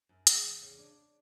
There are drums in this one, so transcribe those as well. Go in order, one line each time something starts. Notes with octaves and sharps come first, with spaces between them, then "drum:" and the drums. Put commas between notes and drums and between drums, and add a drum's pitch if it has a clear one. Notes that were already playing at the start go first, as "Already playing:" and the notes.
F#2
G#3, drum: hi-hat
E2
C#3
D4